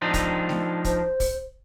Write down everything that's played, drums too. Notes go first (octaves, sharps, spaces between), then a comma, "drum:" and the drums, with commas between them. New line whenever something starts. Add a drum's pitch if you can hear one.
F3 D4 D#4
drum: kick, hi-hat
drum: snare A3
C5, drum: kick, hi-hat
drum: kick, open hi-hat